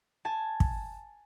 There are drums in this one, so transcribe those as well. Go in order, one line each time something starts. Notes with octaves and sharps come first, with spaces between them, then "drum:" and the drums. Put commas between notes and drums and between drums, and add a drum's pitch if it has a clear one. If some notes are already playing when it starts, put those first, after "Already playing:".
G#5 A5
drum: kick